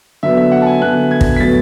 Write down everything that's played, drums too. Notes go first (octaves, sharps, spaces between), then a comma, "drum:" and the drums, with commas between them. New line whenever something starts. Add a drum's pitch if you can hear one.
D3 F#3 B3 E5
E5
F#5
A5
G#5
D3 F#3 B3 F#6
G#6
drum: kick
B6
A2 F#3 B3 A6